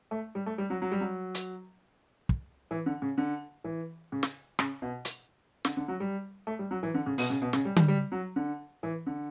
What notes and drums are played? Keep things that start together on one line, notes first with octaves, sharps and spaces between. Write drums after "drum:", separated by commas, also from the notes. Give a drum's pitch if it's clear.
A3
G3
A3
G3
F#3
F#3
G3
F#3
drum: hi-hat
drum: kick
E3
D3
C#3
D3
E3
C#3
drum: snare
C#3, drum: rim click
B2
drum: hi-hat
D3, drum: snare
D3
F#3
G3
A3
G3
F#3
E3
D3
C#3
B2, drum: open hi-hat
C#3
B2
C#3, drum: snare
G3
G3, drum: tom D3
G3
F#3
D3
E3
D3